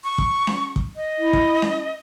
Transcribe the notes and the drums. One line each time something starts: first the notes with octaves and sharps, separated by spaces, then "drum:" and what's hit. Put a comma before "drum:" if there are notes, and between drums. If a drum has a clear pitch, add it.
C#6
drum: kick
drum: snare C#4
drum: kick
D#5
E4
drum: kick
drum: snare C#4